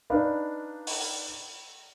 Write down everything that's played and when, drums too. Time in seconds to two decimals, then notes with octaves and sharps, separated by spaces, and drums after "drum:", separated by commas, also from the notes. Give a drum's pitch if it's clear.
0.10 D4 D#4 B4 F5
0.87 drum: open hi-hat